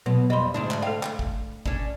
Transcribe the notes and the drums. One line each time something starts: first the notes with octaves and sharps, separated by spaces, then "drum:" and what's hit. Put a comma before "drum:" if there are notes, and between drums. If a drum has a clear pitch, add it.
B2 F#3 B3
F2 G3 D#5 B5 C6
D2 G#2 D4
drum: clap
A4 F5 G5
drum: clap
drum: kick
C#4 D4, drum: kick